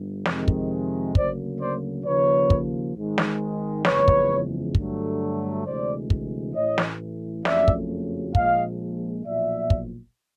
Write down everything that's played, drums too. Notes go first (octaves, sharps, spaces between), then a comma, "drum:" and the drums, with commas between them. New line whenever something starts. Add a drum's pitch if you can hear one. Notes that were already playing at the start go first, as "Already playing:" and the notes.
Already playing: G1 G2
F2 C3 D#3 G#3, drum: snare
drum: kick
D2 C#3 F#3 A#3 C5 D5, drum: kick
C5 D5
D#2 C#3 F3 A#3 B4 C#5
drum: kick
G#1 G#2 D#3 G#3
drum: snare
F#1 E2 C#3 F3 G#3 B4 C#5, drum: snare
drum: kick
G2 D3 F#3 A3, drum: kick
D2 C3 E3 G#3 C5 D5
drum: kick
A1 A2 E3 A3 C#5 D#5
drum: snare
F#1 F2 C#3 F#3 A3 D5 E5, drum: snare
drum: kick
A#1 A#2 F3 G#3 D#5 F5, drum: kick
B1 A#2 F3 D5 E5
drum: kick